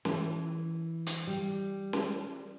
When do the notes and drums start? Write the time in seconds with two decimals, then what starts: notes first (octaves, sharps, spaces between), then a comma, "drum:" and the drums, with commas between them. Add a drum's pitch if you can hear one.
0.05 E3, drum: snare
1.07 drum: hi-hat
1.27 G3
1.93 drum: snare